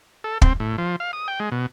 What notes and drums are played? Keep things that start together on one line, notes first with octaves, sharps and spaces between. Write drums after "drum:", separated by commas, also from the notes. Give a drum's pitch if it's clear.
A4
C4, drum: kick
A2
F3
F5
D#6
G5
G#3
B2